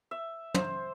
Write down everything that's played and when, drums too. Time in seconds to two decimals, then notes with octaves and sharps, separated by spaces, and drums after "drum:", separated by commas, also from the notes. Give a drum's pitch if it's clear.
0.11 E5
0.54 C5, drum: tom